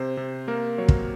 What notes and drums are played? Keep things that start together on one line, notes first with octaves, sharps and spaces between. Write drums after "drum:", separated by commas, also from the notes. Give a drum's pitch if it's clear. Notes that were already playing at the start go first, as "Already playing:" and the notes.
Already playing: C3 C5
C3
A#3 A#4
F#3 C#5
drum: kick